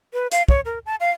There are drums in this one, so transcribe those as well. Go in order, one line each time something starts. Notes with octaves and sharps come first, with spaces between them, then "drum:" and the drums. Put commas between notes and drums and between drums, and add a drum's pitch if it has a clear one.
B4
F5, drum: hi-hat
C#5, drum: kick
A#4
A5
F5